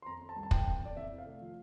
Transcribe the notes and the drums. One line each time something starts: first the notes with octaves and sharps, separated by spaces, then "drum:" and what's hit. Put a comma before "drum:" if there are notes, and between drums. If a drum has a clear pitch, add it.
C6
F2 A#5
F2
A5
G3
A5
E3 G5, drum: kick
F2
F2 D5
C3 E5
E4
F5
A3
F3